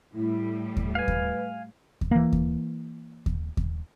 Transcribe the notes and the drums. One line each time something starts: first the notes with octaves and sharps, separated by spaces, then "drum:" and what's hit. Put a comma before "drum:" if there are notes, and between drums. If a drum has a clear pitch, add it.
A2 G3 E4
drum: kick D#2
B4 F5 G#5
drum: kick D#2
drum: kick D#2
E3 A#3
drum: kick D#2
drum: kick D#2
drum: kick D#2